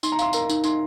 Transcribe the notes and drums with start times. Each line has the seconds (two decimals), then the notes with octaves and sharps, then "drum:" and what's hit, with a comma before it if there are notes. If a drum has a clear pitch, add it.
0.03 D#4 C6, drum: tambourine
0.12 A#5
0.19 F5 C6, drum: tambourine
0.33 A#4 A#5, drum: tambourine
0.49 D#4, drum: tambourine
0.64 D#4 C6, drum: tambourine